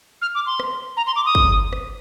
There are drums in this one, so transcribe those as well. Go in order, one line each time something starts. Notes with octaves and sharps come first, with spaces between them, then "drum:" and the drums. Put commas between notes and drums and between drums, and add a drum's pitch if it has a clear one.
F6
D6
C6
drum: rim click
A#5
C6
D6
D#6
drum: kick
drum: rim click